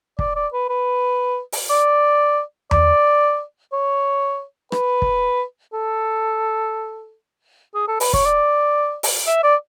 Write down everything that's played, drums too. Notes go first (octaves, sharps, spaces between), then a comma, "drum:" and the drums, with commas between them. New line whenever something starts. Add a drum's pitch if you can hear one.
D5, drum: kick
D5
B4
B4
drum: open hi-hat
D5
D5, drum: tom E2
C#5
B4, drum: rim click
drum: kick
A4
G#4
A4
B4, drum: open hi-hat
C#5, drum: kick
D5
drum: open hi-hat
E5
D5